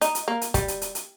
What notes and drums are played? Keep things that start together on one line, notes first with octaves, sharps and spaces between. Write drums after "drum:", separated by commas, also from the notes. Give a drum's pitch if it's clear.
D#4, drum: hi-hat
drum: hi-hat
A#3
drum: hi-hat
G3, drum: kick, hi-hat
drum: hi-hat
drum: hi-hat
drum: hi-hat